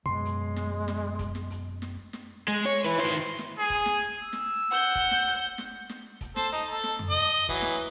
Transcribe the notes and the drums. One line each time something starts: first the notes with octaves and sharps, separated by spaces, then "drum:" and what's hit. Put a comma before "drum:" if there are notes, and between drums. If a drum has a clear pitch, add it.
F#2 B2 G#3 C6
drum: hi-hat
drum: snare
drum: snare
drum: kick, hi-hat
drum: snare
drum: hi-hat
drum: snare
drum: snare
G#3
C#5
drum: hi-hat
E4 B4
D#3 C5
drum: snare
G#4
drum: kick, hi-hat
drum: snare
drum: hi-hat
E6
drum: snare
F#5 G6
drum: kick, hi-hat
drum: snare
drum: hi-hat
drum: snare
drum: snare
drum: kick, hi-hat
A4 C5 A5, drum: snare
D#4, drum: hi-hat
A4
drum: snare
drum: tom F2
D#5
E3 F#3, drum: kick, hi-hat
drum: snare